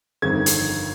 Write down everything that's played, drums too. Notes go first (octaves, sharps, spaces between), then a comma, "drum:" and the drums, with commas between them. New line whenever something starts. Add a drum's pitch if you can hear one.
G1 F2 D#3 G#6
drum: hi-hat